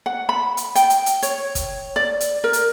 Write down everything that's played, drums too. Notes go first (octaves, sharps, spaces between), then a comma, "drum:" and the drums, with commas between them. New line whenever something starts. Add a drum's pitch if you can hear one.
F#5
B5
drum: hi-hat
G5, drum: hi-hat
drum: hi-hat
drum: hi-hat
C#5, drum: hi-hat
drum: kick, hi-hat
D5
drum: hi-hat
A#4
drum: hi-hat